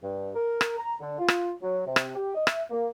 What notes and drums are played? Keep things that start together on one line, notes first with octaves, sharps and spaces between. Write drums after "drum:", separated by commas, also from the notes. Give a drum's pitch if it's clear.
G2
A#4
drum: rim click
A#5
D3
F4
drum: rim click
F#3
C3
drum: rim click
G4
D#5
E5, drum: rim click
A#3